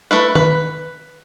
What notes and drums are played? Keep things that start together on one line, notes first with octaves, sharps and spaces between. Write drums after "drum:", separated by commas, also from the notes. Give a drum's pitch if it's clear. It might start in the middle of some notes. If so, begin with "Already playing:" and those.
A3 E4 B4
B4, drum: tom D#3